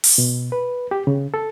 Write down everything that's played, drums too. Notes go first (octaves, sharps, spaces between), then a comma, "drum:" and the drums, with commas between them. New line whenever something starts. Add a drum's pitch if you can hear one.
drum: open hi-hat
B2
B4
G4
C#3
A4